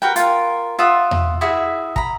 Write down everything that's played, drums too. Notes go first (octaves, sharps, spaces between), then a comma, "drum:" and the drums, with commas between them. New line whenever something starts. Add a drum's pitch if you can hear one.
F#4 A#4 B4 G5
F4 A#4, drum: hi-hat
F4 E5 F#5 D#6
drum: tom E2
E4 F#4 G#4 E5
A#5 B5, drum: kick